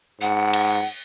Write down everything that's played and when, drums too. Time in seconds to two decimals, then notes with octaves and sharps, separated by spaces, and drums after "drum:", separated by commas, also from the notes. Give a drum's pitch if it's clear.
0.21 G#2 F#5
0.53 drum: cymbal